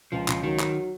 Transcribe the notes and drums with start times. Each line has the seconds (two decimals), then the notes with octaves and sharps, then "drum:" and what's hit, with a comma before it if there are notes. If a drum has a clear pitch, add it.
0.12 C#2 F3
0.28 C#2, drum: clap
0.43 D#3 F#3
0.60 F#3, drum: clap